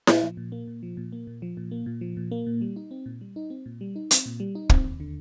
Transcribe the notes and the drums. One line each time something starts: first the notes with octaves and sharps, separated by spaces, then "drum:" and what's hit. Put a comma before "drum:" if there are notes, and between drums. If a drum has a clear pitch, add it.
A#2, drum: snare E4
F3
A#2
A#3
A#2
F3
A#2
A#3
A#2
F3
A#2
A#3
A#2
F3
A#2
A#3
A#2
G3
D#4
C4
A#2
G3
D#4
C4
A#2
G3
D#4
C4, drum: hi-hat
A#2
G3
D#4
C4, drum: kick
D#2
D3